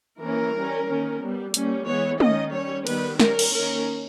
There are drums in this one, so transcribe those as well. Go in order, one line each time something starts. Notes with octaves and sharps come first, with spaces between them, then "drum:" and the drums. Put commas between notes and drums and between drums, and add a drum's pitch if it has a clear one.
E3 A#3 C#4 A#4
G3 C#4
D#3 A#3 C#4
G3 B3
G3 A#3 C#4, drum: hi-hat
E3 G#3 B3 C#5
D#3 A#3 C#4 D#5, drum: tom
G3 C#4 C#5
D#3 G3 B3 B4, drum: cymbal
G3 C#4 A#4, drum: snare
drum: cymbal
D#3 A#3 C#4 A#4